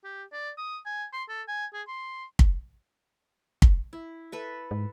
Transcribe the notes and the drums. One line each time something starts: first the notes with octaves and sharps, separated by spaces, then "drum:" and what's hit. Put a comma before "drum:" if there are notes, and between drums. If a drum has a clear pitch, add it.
G4
D5
D#6
G#5
C6
A4
G#5
G#4
C6
drum: kick
drum: kick
E4
A4 B4 E5
G#2